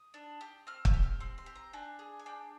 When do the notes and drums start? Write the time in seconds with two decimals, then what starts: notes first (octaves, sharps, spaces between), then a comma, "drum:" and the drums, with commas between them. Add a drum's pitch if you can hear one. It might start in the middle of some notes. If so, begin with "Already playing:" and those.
Already playing: D#6
0.14 D4
0.41 G4
0.67 C4 F6
0.85 G6, drum: kick
0.94 G4
1.03 F6
1.20 C4 C6
1.38 C6
1.46 G4
1.55 A#5
1.73 D4 G#5
1.99 G#4
2.19 G#5
2.26 D4 G5